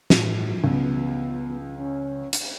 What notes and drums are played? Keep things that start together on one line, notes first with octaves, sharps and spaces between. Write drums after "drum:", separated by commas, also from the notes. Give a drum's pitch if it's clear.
A2, drum: snare
C#2 B3
C#4
drum: hi-hat